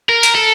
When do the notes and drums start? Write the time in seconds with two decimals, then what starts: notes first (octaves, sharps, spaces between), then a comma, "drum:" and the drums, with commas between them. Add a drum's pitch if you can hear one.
0.09 A#4
0.23 drum: hi-hat
0.35 A4